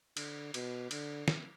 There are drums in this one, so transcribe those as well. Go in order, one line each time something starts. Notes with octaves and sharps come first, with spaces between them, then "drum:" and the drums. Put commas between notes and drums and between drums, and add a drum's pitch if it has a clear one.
D3, drum: cymbal
B2, drum: cymbal
D3, drum: cymbal
drum: snare